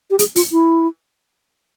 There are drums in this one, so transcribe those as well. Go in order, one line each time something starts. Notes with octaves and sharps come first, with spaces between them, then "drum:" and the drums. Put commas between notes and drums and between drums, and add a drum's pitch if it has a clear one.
G4
G#4, drum: hi-hat
F4, drum: open hi-hat
E4